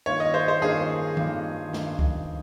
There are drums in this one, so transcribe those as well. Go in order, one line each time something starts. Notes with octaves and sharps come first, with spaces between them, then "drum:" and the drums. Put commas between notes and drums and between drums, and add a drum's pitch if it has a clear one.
G2 D#3 A#3 F4 C#5
D#5
C5
C5
G2 D#3 A#3 F4 G#4
G2 D#3 A#3 F4, drum: tom D#3
G2 D#3 A#3 F4, drum: snare A3
drum: kick C#2